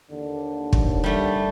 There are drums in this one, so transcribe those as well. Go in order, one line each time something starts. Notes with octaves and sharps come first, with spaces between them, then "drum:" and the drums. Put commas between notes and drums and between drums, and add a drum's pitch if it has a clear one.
D#2 D3
drum: kick
G3 A3